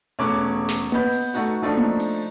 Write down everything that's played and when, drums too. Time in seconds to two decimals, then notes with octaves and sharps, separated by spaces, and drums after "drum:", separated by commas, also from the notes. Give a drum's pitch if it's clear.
0.19 E1 A3 C#4 C#5 D6 F#6
0.69 drum: snare
0.92 B3 D#5 B5 G6, drum: tom A#3
1.12 drum: open hi-hat
1.34 A3 D#4 F#4, drum: hi-hat
1.62 F3 A3 D4 D#4
1.78 drum: tom A#3
1.99 drum: open hi-hat